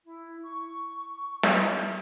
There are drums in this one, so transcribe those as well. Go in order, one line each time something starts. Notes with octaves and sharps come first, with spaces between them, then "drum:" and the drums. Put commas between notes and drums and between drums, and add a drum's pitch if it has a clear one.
E4
C#6
E5, drum: snare